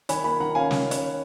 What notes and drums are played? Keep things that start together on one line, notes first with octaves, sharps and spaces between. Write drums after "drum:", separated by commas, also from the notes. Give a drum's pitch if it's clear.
D#3 G#5 B5, drum: hi-hat
A#3 G#5 B5
D#3 F#5 A#5
C#4 F5 G#5
drum: snare
drum: hi-hat